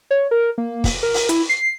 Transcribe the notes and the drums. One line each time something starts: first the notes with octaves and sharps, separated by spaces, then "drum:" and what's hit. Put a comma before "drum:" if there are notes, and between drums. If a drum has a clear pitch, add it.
C#5
A#4
A#3
drum: kick, open hi-hat
A#4
drum: open hi-hat
E4, drum: hi-hat
C7